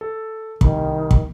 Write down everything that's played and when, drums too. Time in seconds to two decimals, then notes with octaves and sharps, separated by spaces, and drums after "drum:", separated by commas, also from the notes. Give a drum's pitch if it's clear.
0.01 A4
0.61 C2 D#3, drum: kick
1.11 drum: kick